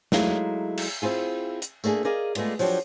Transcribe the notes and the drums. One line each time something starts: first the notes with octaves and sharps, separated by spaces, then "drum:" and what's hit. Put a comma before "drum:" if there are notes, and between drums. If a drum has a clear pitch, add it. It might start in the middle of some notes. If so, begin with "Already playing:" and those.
F#3 G#3 A3 D#4 E4 F5, drum: snare
drum: cymbal
C4 E4 F4 G#4
drum: hi-hat
A3 A#3 D4 G4 G#4, drum: tambourine
G#4 A#4 D5 D#5 F5
G#3 A3 B3 F4 D5, drum: cymbal
F3 F#3 D4 F#4 G4, drum: open hi-hat